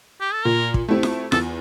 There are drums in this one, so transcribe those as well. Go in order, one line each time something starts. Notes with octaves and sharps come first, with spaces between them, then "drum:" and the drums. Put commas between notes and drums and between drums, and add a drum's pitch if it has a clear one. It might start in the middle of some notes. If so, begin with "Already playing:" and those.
G4
A4
A#2 A#4
drum: kick
A3 C4 E4 G4
drum: snare F4
E2 A4, drum: snare F4